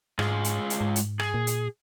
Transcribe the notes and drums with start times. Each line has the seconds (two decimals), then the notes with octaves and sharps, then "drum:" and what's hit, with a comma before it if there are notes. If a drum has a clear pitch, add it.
0.19 G#2 G#3 F4 G#4, drum: rim click
0.44 drum: hi-hat
0.70 drum: hi-hat
0.81 G#2
0.96 drum: hi-hat
1.20 G#4, drum: rim click
1.34 A#2
1.47 drum: hi-hat